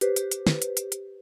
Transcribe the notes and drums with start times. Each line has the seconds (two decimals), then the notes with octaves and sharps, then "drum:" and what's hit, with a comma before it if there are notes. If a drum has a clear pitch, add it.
0.01 G4 B4 C5, drum: hi-hat
0.16 drum: hi-hat
0.31 drum: hi-hat
0.47 drum: snare
0.62 drum: hi-hat
0.77 drum: hi-hat
0.92 drum: hi-hat